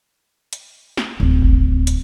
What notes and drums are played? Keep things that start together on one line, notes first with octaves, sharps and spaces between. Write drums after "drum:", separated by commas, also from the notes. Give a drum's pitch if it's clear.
drum: hi-hat
drum: snare
D1 C3
drum: kick F#1
drum: hi-hat